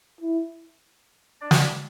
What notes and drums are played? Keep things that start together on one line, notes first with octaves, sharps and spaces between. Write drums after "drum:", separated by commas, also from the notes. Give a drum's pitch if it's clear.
E4
D4 D5
drum: snare